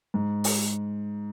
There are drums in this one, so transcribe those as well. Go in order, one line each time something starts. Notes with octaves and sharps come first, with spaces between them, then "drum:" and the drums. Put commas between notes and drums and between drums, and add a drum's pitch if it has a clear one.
G#2
drum: open hi-hat